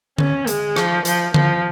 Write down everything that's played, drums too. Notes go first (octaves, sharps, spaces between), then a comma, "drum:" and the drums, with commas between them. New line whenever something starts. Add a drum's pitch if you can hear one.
C#4, drum: tom D3
G#3, drum: hi-hat
F3, drum: rim click
F3, drum: hi-hat
F3, drum: tom D3